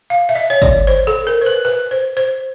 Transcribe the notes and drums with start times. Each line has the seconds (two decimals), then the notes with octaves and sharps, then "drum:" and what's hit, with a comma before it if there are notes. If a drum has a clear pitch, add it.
0.10 F5
0.29 E5
0.35 D#5
0.50 C#5
0.62 D5, drum: kick
0.87 C5
1.07 A4
1.27 A#4
1.42 C5
1.46 B4
1.65 B4
1.91 C5
2.17 C5, drum: hi-hat